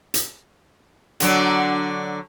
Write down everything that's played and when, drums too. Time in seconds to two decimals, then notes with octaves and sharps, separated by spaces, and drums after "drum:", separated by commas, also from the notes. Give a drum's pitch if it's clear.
0.14 drum: hi-hat
1.20 D3 F#3 D4, drum: hi-hat